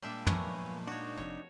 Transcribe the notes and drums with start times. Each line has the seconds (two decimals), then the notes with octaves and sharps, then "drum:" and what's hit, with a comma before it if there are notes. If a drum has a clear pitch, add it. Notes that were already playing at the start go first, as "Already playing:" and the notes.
0.02 A#2 G3 G#3 A#3 D4 E5
0.27 F3 F#3 A3 B3 A#4 B4 C#5 G#5, drum: tom
0.87 D4 D#4 F#4 C#5
1.17 F1 F2 C#5